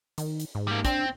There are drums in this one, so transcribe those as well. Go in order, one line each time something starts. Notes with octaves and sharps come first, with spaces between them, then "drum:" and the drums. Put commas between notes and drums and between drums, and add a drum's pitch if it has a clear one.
D#3, drum: hi-hat
drum: hi-hat
G#2
G3 A#3
C4 D4, drum: kick, hi-hat